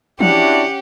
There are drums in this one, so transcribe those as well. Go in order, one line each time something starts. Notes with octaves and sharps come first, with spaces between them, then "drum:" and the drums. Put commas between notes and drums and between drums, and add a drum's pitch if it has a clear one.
C#4 D4 E4 F#4 G4 F#5, drum: tom E3